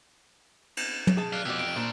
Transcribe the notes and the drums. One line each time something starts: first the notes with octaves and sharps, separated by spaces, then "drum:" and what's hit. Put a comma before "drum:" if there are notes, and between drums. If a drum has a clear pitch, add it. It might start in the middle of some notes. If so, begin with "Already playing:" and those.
drum: cymbal
drum: tom
G#4 A5
D5 F5 F6 F#6
F2 B2 G4 D5 E6
D7
A#2 D4 C5